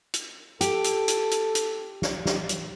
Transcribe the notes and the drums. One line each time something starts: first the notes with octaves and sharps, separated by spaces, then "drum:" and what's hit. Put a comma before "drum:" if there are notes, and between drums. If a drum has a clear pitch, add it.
drum: hi-hat
G4 A4, drum: hi-hat
drum: hi-hat
drum: hi-hat
drum: hi-hat
drum: hi-hat
drum: snare
drum: snare
drum: hi-hat